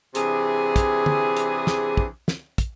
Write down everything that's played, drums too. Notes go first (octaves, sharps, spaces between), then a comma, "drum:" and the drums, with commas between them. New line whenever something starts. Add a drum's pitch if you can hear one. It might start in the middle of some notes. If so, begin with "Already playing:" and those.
C3 E3 D4 G#4, drum: hi-hat
drum: kick, hi-hat
drum: tom
drum: hi-hat
drum: snare
drum: kick
drum: snare
drum: kick, hi-hat